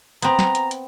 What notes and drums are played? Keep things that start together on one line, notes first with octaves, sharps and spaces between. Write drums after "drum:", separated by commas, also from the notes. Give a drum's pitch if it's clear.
B3 C4 A#5, drum: hi-hat
drum: snare
drum: hi-hat
drum: hi-hat